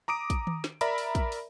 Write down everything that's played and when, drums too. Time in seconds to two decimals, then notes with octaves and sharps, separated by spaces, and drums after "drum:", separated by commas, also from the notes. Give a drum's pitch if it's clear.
0.08 A#5 D6 D#6 D7
0.30 drum: kick, hi-hat
0.47 drum: tom D#3
0.64 drum: snare
0.81 A#4 D5 E5 A#5 B5, drum: hi-hat
0.98 drum: open hi-hat
1.15 drum: kick, hi-hat
1.32 drum: open hi-hat